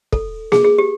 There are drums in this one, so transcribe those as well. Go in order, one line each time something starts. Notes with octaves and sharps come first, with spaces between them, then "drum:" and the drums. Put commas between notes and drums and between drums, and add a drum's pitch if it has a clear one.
A4, drum: kick
G#4, drum: snare A#3
G#4
G4